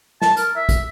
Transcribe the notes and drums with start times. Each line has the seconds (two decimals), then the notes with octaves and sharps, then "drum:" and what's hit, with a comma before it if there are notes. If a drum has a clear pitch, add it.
0.22 A5, drum: snare
0.37 A#4, drum: hi-hat
0.56 E5
0.69 drum: kick, hi-hat